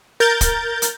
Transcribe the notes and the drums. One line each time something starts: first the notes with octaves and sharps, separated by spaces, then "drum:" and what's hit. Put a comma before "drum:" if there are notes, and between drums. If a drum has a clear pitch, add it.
A#4 G6 A6
drum: kick, hi-hat
drum: hi-hat